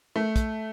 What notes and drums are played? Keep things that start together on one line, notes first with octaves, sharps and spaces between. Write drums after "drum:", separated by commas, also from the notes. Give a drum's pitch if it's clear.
A3
drum: kick, hi-hat